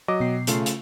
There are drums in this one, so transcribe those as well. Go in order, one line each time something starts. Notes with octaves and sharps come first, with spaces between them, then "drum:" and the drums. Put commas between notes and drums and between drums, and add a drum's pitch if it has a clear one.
F#3 D#5 D6
B2 G5 C7
C#3 A3 F4, drum: hi-hat
drum: hi-hat